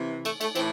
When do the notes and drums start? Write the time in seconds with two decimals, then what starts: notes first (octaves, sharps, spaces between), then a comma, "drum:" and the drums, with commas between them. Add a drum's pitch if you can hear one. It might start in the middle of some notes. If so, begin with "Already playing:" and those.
Already playing: C3 E3
0.25 A3, drum: cymbal
0.41 A3, drum: cymbal
0.55 A2 E3 C4, drum: cymbal